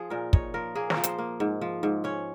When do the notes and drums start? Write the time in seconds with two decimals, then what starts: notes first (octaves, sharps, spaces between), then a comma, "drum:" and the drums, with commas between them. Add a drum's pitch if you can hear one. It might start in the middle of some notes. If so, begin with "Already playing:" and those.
Already playing: F3 G#4 C5
0.10 A#2 A#4
0.33 D#4 C#5, drum: kick
0.54 F3 A#4
0.75 A#3 G#4
0.90 A#4, drum: snare
0.97 F3
1.04 C5, drum: hi-hat
1.19 A#3
1.40 G#2
1.61 F3
1.83 G#2
2.04 C#4 C#5